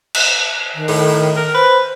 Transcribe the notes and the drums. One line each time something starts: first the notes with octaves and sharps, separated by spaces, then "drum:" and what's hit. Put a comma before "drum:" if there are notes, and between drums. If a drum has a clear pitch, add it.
drum: cymbal
D#3
A2, drum: open hi-hat
A#4
B4 C5